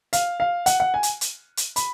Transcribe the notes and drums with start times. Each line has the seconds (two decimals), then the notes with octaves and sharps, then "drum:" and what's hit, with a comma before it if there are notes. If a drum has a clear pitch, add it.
0.13 F5, drum: hi-hat
0.40 F5
0.66 F#5, drum: hi-hat
0.80 F#5
0.94 G#5
1.03 drum: hi-hat
1.21 drum: hi-hat
1.57 drum: hi-hat
1.76 B5, drum: hi-hat